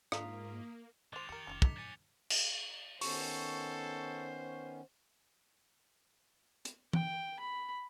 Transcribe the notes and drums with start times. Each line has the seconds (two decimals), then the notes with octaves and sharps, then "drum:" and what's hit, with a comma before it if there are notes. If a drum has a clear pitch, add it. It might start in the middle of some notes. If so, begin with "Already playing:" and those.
0.12 G#2 A#3 F4 A#5 D#6 B6, drum: rim click
1.13 D#3 G#3 C5 D#5 D6 A6 F7
1.29 F2 D#3 G4 A#4 C#7 G7
1.47 F1 E3 C#4 D4 F4
1.62 A#2 A3 D#4 B6, drum: kick
1.76 F#3 G#5 A6 C#7
2.30 drum: cymbal
3.01 D#3 B3 C#4 A4 C5 C#6, drum: open hi-hat
6.65 drum: hi-hat
6.93 G5, drum: tom
7.39 B5